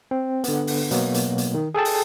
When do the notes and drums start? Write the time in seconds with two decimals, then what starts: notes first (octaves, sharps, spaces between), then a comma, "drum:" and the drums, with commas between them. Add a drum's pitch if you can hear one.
0.11 C4
0.44 D3 B3, drum: hi-hat
0.67 drum: open hi-hat
0.91 B2 F#3 A#3 B3, drum: hi-hat
1.14 drum: hi-hat
1.38 drum: hi-hat
1.54 D#3
1.75 G#4 A4 G5 A5
1.85 drum: open hi-hat